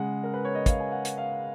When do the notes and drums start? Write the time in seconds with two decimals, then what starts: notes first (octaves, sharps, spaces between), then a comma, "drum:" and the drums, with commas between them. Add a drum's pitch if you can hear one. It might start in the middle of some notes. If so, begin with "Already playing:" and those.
Already playing: C#3 G#3 F#5
0.24 A#4
0.34 B4
0.45 C#5
0.55 D#5
0.66 F5, drum: kick, hi-hat
0.80 G#5
0.92 F#5
1.05 drum: hi-hat
1.18 F5